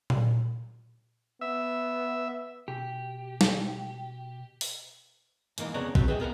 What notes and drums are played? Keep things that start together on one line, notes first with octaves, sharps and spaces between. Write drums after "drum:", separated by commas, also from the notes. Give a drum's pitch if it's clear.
drum: tom A#2
B3 E5
B2 G4
drum: snare
drum: open hi-hat
G#2 E3 A#3 D#4, drum: hi-hat
F2 C#3 B3 C#5 D5 A#5
F#3 A3 C4 F#4 G4, drum: kick
G#4 B4 D#5 E5 G5
B3 A#4 F5 F#5